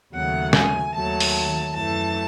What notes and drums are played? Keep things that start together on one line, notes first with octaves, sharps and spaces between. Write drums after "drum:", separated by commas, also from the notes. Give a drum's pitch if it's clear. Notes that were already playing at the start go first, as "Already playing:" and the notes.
D#2 C#3 F#3 A3 F#5
G#5, drum: snare
D#2 D#3 F#3 A3 A5
drum: open hi-hat
A5
F#2 E3 A3 A5